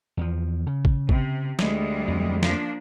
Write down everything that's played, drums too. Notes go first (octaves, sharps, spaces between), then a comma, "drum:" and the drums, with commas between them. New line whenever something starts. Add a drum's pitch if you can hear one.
E2 F3
C#3
drum: kick
C3, drum: kick
D2 G3 G#3, drum: snare
F2 F#3
F3 A#3 D4, drum: snare